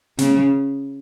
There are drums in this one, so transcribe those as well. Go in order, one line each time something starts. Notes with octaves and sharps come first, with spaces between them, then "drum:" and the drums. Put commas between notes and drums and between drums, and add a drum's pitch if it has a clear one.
C#3, drum: snare